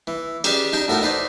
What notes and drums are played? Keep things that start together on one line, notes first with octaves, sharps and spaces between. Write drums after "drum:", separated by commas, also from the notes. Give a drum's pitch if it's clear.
E3
C#4 G4 G#4 B4 D5, drum: cymbal
D4 D#4 G4 G5
A2 F#4 A#4 A5
D#4 B4 C5 D5